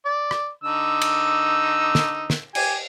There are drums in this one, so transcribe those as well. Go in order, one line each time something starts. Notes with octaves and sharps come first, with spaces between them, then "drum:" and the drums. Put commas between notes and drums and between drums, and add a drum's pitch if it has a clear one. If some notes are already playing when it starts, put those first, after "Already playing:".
D5
drum: rim click
D3 D#4 E6
drum: cymbal
drum: snare
drum: snare
G4 G#5, drum: cymbal